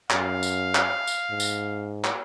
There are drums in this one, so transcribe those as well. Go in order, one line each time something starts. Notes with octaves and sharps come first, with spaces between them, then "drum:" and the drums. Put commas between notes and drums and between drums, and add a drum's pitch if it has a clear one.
F#2 F5, drum: clap
drum: tambourine
drum: clap
drum: tambourine
G#2
drum: tambourine
drum: clap